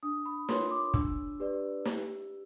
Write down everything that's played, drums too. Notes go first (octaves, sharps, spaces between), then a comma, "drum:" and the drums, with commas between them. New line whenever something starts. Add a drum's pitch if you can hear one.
D4 D#6
B5
F4 A#4 C#5 C6, drum: snare
D6
D4 E6, drum: kick
G4 B4 D5
G4, drum: snare